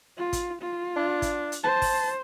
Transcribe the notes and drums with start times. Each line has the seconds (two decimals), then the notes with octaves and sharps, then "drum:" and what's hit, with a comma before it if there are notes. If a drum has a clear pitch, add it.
0.18 F4
0.33 drum: kick, hi-hat
0.62 F4
0.96 D4
1.22 drum: kick, hi-hat
1.52 drum: hi-hat
1.64 C5 A5
1.82 drum: kick, open hi-hat